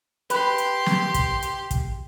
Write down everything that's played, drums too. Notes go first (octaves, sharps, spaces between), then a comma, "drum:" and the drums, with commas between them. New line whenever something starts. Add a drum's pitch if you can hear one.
G4 B4 C6, drum: hi-hat
drum: hi-hat
drum: snare
drum: kick, hi-hat
drum: hi-hat
drum: kick, hi-hat